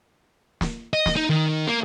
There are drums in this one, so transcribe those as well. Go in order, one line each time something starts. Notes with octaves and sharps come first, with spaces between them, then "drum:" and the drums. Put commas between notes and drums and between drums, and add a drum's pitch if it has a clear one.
drum: snare
D#5
drum: snare
D#4
D#3
A#3